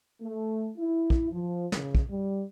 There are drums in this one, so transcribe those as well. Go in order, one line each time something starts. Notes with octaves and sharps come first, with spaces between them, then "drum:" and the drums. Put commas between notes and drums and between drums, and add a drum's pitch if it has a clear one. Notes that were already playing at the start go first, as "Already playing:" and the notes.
A3
E4
drum: kick
F3
C#3, drum: snare
drum: kick
G3